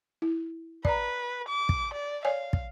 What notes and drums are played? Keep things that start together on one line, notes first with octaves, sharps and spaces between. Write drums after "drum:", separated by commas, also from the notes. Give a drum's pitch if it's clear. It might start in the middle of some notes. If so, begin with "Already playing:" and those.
E4
B4 D5 A#5, drum: kick
D6
drum: kick
D5
C#5 D5 F5 G#5
drum: kick